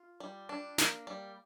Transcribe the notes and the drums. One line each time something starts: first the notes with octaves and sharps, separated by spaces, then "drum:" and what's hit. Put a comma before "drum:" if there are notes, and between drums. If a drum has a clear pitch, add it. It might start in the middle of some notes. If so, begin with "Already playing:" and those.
Already playing: F4
G3
D4
A#3, drum: snare
G3